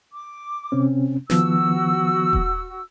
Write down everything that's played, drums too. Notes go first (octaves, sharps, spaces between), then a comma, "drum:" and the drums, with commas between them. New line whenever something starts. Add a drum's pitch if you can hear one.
D6
C3 C4 C#4
D#3 F3 B3 F#4 E6, drum: snare
drum: kick D#1